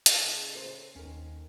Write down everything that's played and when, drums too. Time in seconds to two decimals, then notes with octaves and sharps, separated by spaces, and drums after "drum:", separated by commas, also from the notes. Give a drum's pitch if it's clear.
0.06 drum: hi-hat
0.19 C#3
0.55 A4 A#4 C5
0.96 D#2 D#3 C#4 A#4